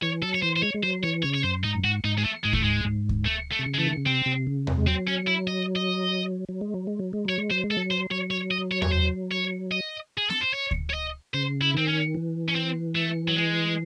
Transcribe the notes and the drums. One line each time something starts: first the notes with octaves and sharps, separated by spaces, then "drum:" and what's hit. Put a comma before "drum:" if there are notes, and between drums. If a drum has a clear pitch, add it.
E3 C#5
F#3 A4
C#5
E3 C5
C5
G#3 C#5
G#3
F#3 C5
E3 C#5
C#3 C#5
C#5
F#2 C5
G#2 D#4
F#2
G#2 F#4
G#2 D#4
G#3
A3
G#2 G#3
A2 A3, drum: kick D2
G#2 G#3
G#2
drum: kick D2
A3
A3
C3
C#3
G#3
E3 A3
D#3
C#3
C3 C4
C3
C#3
C3, drum: tom E2
G#3
F#3 C4
C#4
E4
D#5
D#5
F#3
G#3
F#3
G#3
F#3
G#3
F#3 C#5
G#3
F#3 C5
G#3
A4
F#3
C5
F#3 C#5
C#5
D#5
C#5
C#5, drum: tom E2
C5
C#5
D#5
G#4
A4, drum: snare
C5
C#5
drum: kick D2
C#5
D#5
C#3 C5
E4
D#3 C4
C#4
E3
C#4
C4
A3
F#3
G#3